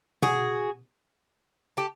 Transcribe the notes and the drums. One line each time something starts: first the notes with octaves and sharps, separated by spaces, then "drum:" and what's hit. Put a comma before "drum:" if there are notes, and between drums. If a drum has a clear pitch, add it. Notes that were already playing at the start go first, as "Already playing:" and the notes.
F#4 G#4, drum: tom B2
G4 A4